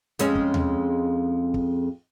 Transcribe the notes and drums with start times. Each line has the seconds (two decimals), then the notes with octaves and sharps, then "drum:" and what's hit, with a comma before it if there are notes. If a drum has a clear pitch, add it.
0.19 F2 G#3 C#4, drum: hi-hat
0.35 drum: kick
0.54 drum: tom D#2
1.54 drum: kick